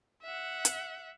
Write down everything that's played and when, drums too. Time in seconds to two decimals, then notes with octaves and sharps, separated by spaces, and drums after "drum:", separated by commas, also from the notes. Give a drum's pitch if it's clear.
0.23 E5 F#5
0.65 drum: hi-hat